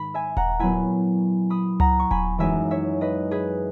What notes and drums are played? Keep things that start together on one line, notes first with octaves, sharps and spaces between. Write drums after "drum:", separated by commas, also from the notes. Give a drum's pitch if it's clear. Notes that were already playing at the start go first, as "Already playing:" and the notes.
Already playing: G#2 D#3 B5
E5 G#5
F#5 A#5, drum: kick D#1
A#2 F#3 B3 E4 G#5 B5
B5 D#6
F#5 A#5, drum: tom C#2
C#6
G#5 B5, drum: kick D#1
F#2 E3 G#3 D#4 E5 G#5
C#5 E5
B4 D#5
G#4 B4